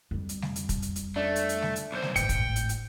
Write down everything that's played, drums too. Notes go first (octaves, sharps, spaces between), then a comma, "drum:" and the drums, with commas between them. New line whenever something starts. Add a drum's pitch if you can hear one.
F2 G3
drum: hi-hat
drum: snare G3
drum: hi-hat
drum: kick, hi-hat
drum: hi-hat
drum: hi-hat
A3 D4
drum: hi-hat
drum: hi-hat
drum: snare G3
drum: hi-hat
B1 C5
drum: snare G3
G#1 A2 G5 C#7, drum: hi-hat
drum: kick, hi-hat
drum: hi-hat
drum: hi-hat